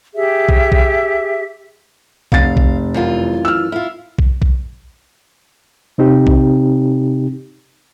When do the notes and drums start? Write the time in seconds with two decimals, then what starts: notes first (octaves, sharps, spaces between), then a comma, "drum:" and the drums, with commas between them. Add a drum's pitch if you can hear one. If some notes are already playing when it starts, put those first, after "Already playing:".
0.14 G4 G#4 E5
0.49 drum: kick A#1
0.72 drum: kick A#1
2.32 F1 F5 A6, drum: kick A#1
2.57 drum: kick A#1
2.94 F#2 E3 F4
3.45 E6 F6
3.72 E4 F4
4.18 drum: kick A#1
4.42 drum: kick A#1
5.98 C3 C4 D#4 G4
6.27 drum: kick A#1